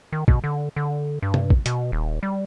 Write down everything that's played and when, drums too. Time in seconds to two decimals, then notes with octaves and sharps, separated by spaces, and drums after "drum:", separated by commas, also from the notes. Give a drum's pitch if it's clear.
0.12 D#3
0.28 B2, drum: kick
0.44 D3
0.76 D3
1.22 G2
1.34 drum: tom C3
1.50 drum: kick
1.66 B2, drum: hi-hat
1.92 D#1
2.23 G3